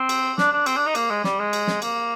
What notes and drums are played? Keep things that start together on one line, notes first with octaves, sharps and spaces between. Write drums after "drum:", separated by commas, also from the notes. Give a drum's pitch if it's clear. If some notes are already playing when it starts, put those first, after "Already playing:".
Already playing: C4
drum: cymbal
D4, drum: snare
D4
C4, drum: cymbal
D4
D#4
A#3, drum: cymbal
G#3
G3, drum: snare
G#3
drum: cymbal
drum: snare
A#3, drum: cymbal